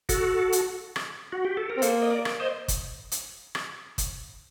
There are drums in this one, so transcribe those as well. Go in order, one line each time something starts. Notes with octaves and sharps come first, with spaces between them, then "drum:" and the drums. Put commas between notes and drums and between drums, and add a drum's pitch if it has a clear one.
F#4 A4, drum: kick F#1, hi-hat
drum: hi-hat
drum: rim click
F#4
G4
A4
A#4
C4
A#3 A4 C5, drum: hi-hat
D#5
A#4 D5
drum: rim click
C5 D#5
drum: kick F#1, hi-hat
drum: hi-hat
drum: rim click
drum: kick F#1, hi-hat